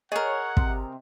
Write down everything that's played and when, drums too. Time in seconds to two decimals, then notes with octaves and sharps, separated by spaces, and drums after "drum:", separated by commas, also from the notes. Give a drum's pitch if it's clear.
0.12 G#4 A#4 C#5 D#5 F#5
0.57 C3, drum: kick